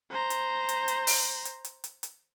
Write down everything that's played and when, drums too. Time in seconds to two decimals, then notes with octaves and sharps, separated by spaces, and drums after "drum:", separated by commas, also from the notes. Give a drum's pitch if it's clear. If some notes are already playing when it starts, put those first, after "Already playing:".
0.11 C5 A#5
0.30 drum: hi-hat
0.69 drum: hi-hat
0.88 drum: hi-hat
1.07 drum: open hi-hat
1.45 drum: hi-hat
1.64 drum: hi-hat
1.84 drum: hi-hat
2.03 drum: hi-hat